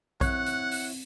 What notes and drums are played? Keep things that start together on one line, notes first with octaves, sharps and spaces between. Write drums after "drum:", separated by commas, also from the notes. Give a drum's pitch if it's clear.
C4 E4 C#5 F#5 F#6, drum: kick A#1, hi-hat
drum: hi-hat
drum: open hi-hat